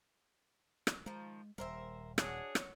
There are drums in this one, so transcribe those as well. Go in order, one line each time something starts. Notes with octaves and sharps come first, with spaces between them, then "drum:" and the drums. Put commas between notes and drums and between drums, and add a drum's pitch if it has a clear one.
drum: rim click
D#3 F3 G#3
D#1 C2 G3 A#4 C5 E5
D4 F#4 G#4 C#5 F#5, drum: rim click
drum: rim click